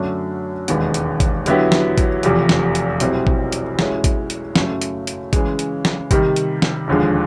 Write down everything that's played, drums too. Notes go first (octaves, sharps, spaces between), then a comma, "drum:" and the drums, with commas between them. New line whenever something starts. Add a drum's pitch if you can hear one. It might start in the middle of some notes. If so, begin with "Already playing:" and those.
Already playing: F#2 D3 F#3 A3 D4
E1 D#2 D#3 G#3 B3, drum: hi-hat
drum: hi-hat
drum: kick, hi-hat
D3 F#3 B3 E4 G4, drum: hi-hat
drum: snare
drum: kick, hi-hat
F1 E2 C3 F3, drum: hi-hat
drum: snare
drum: hi-hat
B1 B2 G3 C4 E4, drum: hi-hat
drum: kick
drum: hi-hat
B2 G#3 C#4 E4, drum: snare
drum: kick, hi-hat
drum: hi-hat
F#2 C#3 F#3 A3, drum: snare
drum: hi-hat
drum: hi-hat
C#3 E3 G#3, drum: kick, hi-hat
drum: hi-hat
drum: snare
C3 D#3 G3, drum: kick, hi-hat
drum: hi-hat
drum: snare
E1 D#2 D3 F3 G#3